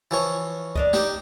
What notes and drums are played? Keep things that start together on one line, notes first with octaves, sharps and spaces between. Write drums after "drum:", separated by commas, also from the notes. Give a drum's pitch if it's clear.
E3 F3 C#5
A#3 D4 D#5, drum: kick C#2
D#4 G4, drum: snare